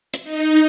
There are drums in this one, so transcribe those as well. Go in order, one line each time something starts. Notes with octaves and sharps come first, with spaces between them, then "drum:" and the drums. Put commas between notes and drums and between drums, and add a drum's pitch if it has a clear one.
drum: hi-hat
D#4